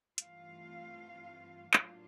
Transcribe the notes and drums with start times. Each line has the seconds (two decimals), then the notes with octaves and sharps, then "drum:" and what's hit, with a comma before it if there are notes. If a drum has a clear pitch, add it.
0.18 G2 E3 A3 C4 F4 F5, drum: hi-hat
1.73 A2 F#3 A#3 D4 F4, drum: clap